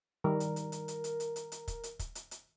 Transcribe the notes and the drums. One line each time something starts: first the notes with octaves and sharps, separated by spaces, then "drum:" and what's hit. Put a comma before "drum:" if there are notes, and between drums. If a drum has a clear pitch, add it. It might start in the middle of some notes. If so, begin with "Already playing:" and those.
D#3 G3 A#4
drum: hi-hat
drum: hi-hat
drum: hi-hat
drum: hi-hat
drum: hi-hat
drum: hi-hat
drum: hi-hat
drum: hi-hat
drum: kick, hi-hat
drum: hi-hat
drum: kick, hi-hat
drum: hi-hat
drum: hi-hat